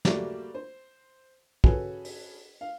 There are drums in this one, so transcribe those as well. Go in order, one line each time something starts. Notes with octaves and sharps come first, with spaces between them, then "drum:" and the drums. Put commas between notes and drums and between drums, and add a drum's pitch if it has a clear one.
G3 A3 A#3 F#4 G4 D5, drum: snare
C5
C#4 F#4 G#4 A4 B4, drum: kick
drum: open hi-hat
F5